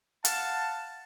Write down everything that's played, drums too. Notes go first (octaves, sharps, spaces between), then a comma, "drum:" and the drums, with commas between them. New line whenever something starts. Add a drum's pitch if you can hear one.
F5 F#5 A5, drum: hi-hat